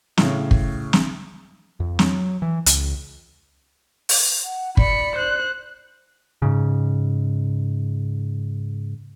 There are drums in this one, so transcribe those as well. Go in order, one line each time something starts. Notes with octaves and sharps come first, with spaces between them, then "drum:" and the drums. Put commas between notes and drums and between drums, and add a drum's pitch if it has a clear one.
A2 C#3, drum: snare
drum: kick
drum: snare
F2
F#3, drum: snare
E3
C#2, drum: hi-hat
drum: open hi-hat
F#5
D5 B5 C#7, drum: kick
C5 F#6
G#2 C#3